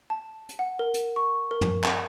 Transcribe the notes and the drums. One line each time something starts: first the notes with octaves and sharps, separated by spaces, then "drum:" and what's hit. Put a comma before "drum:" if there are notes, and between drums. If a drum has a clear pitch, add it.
A5
drum: hi-hat
F#5
A#4
drum: hi-hat
C#6
A#4
drum: tom
drum: clap